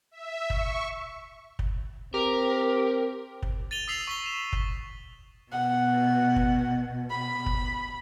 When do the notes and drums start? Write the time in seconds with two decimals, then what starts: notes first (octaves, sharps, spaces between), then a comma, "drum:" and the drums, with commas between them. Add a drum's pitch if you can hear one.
0.11 E5
0.50 C#6, drum: kick
1.59 drum: kick
2.14 C4 G4 A#4
3.42 drum: kick
3.71 A6 D#7 F7 G7
3.88 D#6 E6 B6 C7 F7 F#7
4.07 C#6 B6 G7
4.26 E7
4.53 drum: kick
5.52 B2 F#5
6.36 drum: kick
7.11 B5
7.46 drum: kick